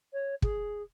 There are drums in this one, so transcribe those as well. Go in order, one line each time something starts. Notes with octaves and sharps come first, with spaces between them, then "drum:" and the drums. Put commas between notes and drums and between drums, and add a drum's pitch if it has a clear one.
C#5
G#4, drum: kick